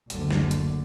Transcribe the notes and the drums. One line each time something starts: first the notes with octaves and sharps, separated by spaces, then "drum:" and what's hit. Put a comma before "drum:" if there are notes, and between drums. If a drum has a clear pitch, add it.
F#1 D2 D3, drum: hi-hat
drum: snare
drum: hi-hat